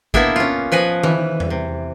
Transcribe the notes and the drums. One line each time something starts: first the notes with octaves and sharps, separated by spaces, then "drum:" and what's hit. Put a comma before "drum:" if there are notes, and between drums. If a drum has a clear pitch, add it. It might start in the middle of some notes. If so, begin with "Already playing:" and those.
A#3 B3 D4 E4 E5, drum: kick
C#4 F4
F3 B4 D#5 G#5
E3, drum: tom D#3
drum: tom E2
C3